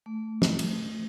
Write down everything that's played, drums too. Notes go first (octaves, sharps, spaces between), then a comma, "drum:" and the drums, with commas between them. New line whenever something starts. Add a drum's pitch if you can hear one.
A3
drum: snare
drum: cymbal